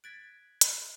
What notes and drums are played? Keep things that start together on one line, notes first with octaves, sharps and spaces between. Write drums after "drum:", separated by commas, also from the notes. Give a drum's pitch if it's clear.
F#6 G#6 A6 B6 D7
drum: hi-hat